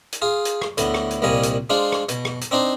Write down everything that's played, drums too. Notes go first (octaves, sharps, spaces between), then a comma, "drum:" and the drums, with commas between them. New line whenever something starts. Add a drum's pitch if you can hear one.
drum: hi-hat
F4 G#4
drum: hi-hat
drum: rim click
D2 A2 B3, drum: hi-hat
drum: rim click
drum: hi-hat
C2 A#2 F3 G3 D#5 G#5
drum: hi-hat
G#3 D4 F4 C5
drum: rim click
B2, drum: hi-hat
drum: rim click
drum: hi-hat
C4 D4 D#4 C5